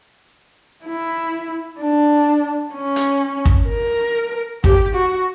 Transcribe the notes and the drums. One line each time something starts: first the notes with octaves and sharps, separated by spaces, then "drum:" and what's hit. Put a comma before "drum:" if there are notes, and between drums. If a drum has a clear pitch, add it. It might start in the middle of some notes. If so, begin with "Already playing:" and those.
E4
D4
C#4
drum: hi-hat
drum: kick
A#4
G4, drum: kick
F#4